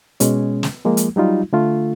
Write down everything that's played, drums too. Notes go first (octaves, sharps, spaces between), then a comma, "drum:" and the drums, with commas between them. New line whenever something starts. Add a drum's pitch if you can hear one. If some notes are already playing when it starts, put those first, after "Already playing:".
B2 G#3 C#4, drum: hi-hat
drum: snare
F3 G#3 A#3
drum: hi-hat
F#3 G3 D#4 F4
D3 A3 F4